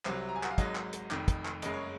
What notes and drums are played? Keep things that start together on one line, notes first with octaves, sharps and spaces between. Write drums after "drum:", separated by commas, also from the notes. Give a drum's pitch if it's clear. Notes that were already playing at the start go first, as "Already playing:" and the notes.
C2 C3 F#3 C5, drum: clap
A#5
G#5
F#5, drum: clap
F5
G#1 G#2 F#3 D#5, drum: kick, hi-hat
drum: clap
drum: hi-hat
F1 F2 D#3, drum: clap
drum: kick, hi-hat
drum: clap
F#1 F#2 C#3 G#3 D#5, drum: hi-hat
C#5